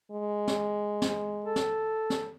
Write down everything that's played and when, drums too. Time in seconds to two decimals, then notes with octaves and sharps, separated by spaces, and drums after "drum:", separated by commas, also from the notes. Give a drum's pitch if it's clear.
0.11 G#3
0.48 drum: snare
1.02 drum: snare
1.45 A4
1.56 drum: snare
2.10 drum: snare